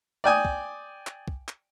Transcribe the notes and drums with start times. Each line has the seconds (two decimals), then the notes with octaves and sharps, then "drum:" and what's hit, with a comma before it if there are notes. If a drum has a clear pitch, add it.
0.24 D5 G5 G#5 D#6
0.45 drum: kick
1.07 drum: clap
1.28 drum: kick
1.48 drum: clap